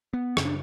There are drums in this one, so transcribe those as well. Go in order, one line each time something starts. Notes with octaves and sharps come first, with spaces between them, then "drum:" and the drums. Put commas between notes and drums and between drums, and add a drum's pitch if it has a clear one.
B3
F#2 C#3 C#4, drum: rim click
D4